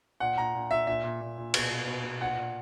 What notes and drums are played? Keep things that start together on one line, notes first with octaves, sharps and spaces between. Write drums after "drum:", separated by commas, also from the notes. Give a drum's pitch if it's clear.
A#2 F#5
A#2 A#5
A#2
A#2 E5
A#2 E5
A#2
A#2
A#2
B2, drum: cymbal
B2
B2
B2
A#2 F#5
A#2